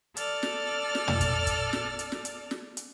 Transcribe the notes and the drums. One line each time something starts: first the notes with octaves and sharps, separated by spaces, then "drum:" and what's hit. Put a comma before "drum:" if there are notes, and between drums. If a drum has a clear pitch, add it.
A4 D5 F6 A6, drum: hi-hat
drum: snare
drum: snare
drum: tom
drum: kick, hi-hat
drum: kick, hi-hat
drum: snare
drum: hi-hat
drum: snare
drum: hi-hat
drum: snare
drum: hi-hat